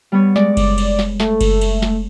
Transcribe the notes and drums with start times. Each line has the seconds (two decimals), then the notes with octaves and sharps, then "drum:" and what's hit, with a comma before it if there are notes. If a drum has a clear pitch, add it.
0.12 G3 B3 C#5
0.36 G#3 D5, drum: snare
0.57 drum: kick F#1, cymbal
0.78 drum: cymbal
0.99 drum: snare
1.20 A3, drum: snare
1.41 drum: kick F#1, cymbal
1.61 drum: cymbal
1.82 drum: snare